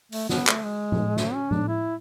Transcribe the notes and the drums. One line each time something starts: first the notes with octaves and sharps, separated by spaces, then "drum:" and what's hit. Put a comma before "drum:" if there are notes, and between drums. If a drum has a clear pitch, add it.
A3, drum: open hi-hat
B3, drum: snare
A3, drum: clap
G#3
drum: tom
A3, drum: snare
C#4
D4, drum: tom
E4